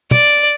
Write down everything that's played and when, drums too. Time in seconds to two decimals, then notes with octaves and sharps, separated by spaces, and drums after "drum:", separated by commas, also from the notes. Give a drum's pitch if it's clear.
0.11 D5, drum: tom